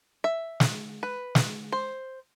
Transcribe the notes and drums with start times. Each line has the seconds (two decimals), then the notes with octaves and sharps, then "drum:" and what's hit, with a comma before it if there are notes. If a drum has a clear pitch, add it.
0.24 E5
0.60 drum: snare
1.03 B4
1.35 drum: snare
1.72 C5